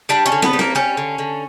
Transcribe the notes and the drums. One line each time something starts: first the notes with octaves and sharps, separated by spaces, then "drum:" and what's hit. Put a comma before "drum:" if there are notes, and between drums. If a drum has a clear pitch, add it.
G3 D4
C#4
D3
B3, drum: snare
G3
A#3, drum: snare
G3 C#4
D3
D3